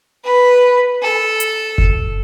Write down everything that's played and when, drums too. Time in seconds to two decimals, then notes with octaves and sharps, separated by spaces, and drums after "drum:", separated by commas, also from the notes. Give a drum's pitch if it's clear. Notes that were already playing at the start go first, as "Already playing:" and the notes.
0.24 B4
1.02 A4
1.40 drum: hi-hat
1.78 drum: kick F#1